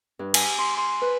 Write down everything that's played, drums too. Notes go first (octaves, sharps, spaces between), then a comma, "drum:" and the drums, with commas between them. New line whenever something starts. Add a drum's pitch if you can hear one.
G2
G#5, drum: cymbal
C6
C6
B4